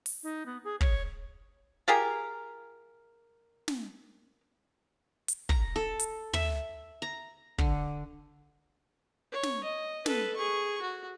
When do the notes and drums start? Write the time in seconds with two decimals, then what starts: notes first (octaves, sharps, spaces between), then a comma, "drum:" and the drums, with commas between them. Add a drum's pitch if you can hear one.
0.06 drum: open hi-hat
0.23 D#4
0.46 B3
0.64 G#4
0.81 C#5, drum: kick
1.88 F4 G4 G#4 A#4
3.68 drum: snare
5.28 drum: hi-hat
5.49 A#5, drum: kick
5.76 A4
5.99 drum: hi-hat
6.33 E5, drum: tom
7.02 A#5
7.58 D3, drum: kick
9.32 C#5
9.43 drum: snare
9.64 D#5
10.06 A4 B4, drum: snare
10.36 G#4 C#6
10.82 F#4